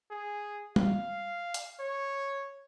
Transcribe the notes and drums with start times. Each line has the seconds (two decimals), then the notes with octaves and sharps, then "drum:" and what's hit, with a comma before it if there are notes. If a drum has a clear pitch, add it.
0.10 G#4
0.76 F5, drum: tom
1.54 drum: hi-hat
1.79 C#5